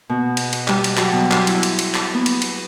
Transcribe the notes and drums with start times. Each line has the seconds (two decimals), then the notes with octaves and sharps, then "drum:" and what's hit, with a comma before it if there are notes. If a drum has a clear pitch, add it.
0.09 B2
0.37 drum: cymbal
0.53 drum: cymbal
0.68 G3, drum: clap
0.84 drum: cymbal
0.97 F#3, drum: clap
1.13 B2
1.32 C6, drum: clap
1.47 E4, drum: cymbal
1.63 drum: cymbal
1.79 drum: cymbal
1.95 drum: clap
2.14 B3
2.26 drum: cymbal
2.42 drum: cymbal